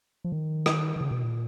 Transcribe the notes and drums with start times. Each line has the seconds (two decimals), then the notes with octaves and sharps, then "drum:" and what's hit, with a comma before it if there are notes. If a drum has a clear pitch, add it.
0.24 F3
0.32 D#3
0.66 drum: rim click
0.96 D#3
1.01 C#3
1.11 B2
1.23 A#2